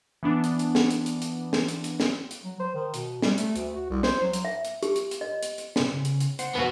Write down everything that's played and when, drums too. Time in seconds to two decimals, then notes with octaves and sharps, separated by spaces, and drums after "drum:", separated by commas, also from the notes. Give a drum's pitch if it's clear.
0.23 E3 B3 D4
0.44 drum: hi-hat
0.59 drum: hi-hat
0.75 drum: snare
0.91 drum: hi-hat
1.06 drum: hi-hat
1.22 drum: hi-hat
1.53 drum: snare
1.68 drum: hi-hat
1.84 drum: hi-hat
2.00 drum: snare
2.31 drum: hi-hat
2.44 F#3
2.60 C5
2.75 D#3
2.94 B2, drum: hi-hat
3.22 G3, drum: snare
3.38 A3, drum: hi-hat
3.56 D2, drum: hi-hat
3.75 F#4
3.90 C2
4.03 C5, drum: snare
4.22 F#3
4.33 drum: hi-hat
4.45 E5
4.65 drum: hi-hat
4.83 G4, drum: hi-hat
4.96 drum: hi-hat
5.11 drum: hi-hat
5.21 D#5
5.43 drum: hi-hat
5.58 drum: hi-hat
5.76 C3 B4, drum: snare
5.94 C#3
6.05 drum: hi-hat
6.20 drum: hi-hat
6.39 C5 F#5, drum: hi-hat
6.55 E2 B3 F#4